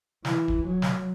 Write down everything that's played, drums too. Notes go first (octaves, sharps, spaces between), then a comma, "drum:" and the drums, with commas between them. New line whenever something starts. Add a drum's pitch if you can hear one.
E3, drum: snare
drum: kick D1
F#3
drum: snare